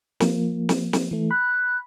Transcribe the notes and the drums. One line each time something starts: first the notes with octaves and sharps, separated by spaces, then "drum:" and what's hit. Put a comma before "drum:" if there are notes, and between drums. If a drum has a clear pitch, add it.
F3 A#3, drum: snare
drum: snare
drum: snare
E3 A3
B5 F#6